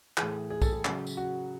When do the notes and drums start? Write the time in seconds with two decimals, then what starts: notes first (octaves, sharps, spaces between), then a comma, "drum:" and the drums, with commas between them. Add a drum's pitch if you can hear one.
0.17 A2 E3 G#4, drum: clap
0.50 G#4
0.62 A4, drum: kick B1, tambourine
0.73 G#4
0.85 C#3 F#3, drum: clap
1.07 drum: tambourine
1.17 F#4